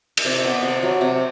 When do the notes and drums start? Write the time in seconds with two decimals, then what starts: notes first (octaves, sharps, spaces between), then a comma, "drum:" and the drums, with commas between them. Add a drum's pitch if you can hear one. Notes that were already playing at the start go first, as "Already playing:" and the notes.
0.17 E5, drum: cymbal
0.25 C3 D5
0.39 D5
0.44 B3
0.53 E5
0.63 C3
0.68 D5
0.83 F#3
1.01 C3